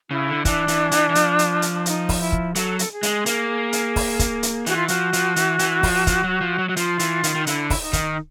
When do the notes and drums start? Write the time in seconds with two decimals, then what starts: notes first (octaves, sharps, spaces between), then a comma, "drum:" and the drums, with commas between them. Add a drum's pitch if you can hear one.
0.10 C#3 E4
0.27 D3
0.45 E3 D4, drum: kick, hi-hat
0.68 E3, drum: hi-hat
0.91 E3, drum: hi-hat
1.10 E3
1.15 F3, drum: hi-hat
1.39 drum: hi-hat
1.62 drum: hi-hat
1.86 D#4, drum: hi-hat
2.09 drum: kick, open hi-hat
2.20 E4
2.32 drum: kick
2.55 F#3 A4, drum: hi-hat
2.79 A4, drum: hi-hat
2.90 G#4
3.03 G#3, drum: hi-hat
3.26 A#3, drum: hi-hat
3.73 drum: hi-hat
3.96 drum: kick, open hi-hat
4.19 drum: kick, hi-hat
4.43 drum: hi-hat
4.66 E3 F#4, drum: hi-hat
4.77 F4
4.88 F3 F#4, drum: hi-hat
5.13 F3, drum: hi-hat
5.36 E3, drum: hi-hat
5.59 E3, drum: hi-hat
5.83 F3, drum: kick, open hi-hat
6.07 F3, drum: kick, hi-hat
6.24 F#3
6.41 F3
6.59 F#3
6.69 F#3 F#4
6.77 F3 F4, drum: hi-hat
6.99 E3, drum: hi-hat
7.24 D#3, drum: hi-hat
7.35 D#3 D#4
7.47 D3 E4, drum: hi-hat
7.70 E4, drum: kick, open hi-hat
7.82 D#4
7.93 D#3, drum: kick, hi-hat